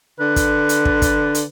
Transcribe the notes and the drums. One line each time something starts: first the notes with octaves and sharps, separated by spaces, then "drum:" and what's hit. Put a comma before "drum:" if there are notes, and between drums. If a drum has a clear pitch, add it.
D3 B4
drum: kick, hi-hat
drum: hi-hat
drum: kick
drum: kick, hi-hat
drum: hi-hat